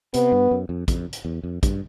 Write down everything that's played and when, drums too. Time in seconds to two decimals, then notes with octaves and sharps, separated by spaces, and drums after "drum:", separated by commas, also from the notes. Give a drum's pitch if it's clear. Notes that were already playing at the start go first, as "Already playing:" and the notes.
0.14 C3 B3, drum: hi-hat
0.32 G2
0.51 F#2
0.69 F2
0.88 F2, drum: kick, hi-hat
1.13 drum: hi-hat
1.25 E2
1.43 F2
1.63 G2, drum: kick, hi-hat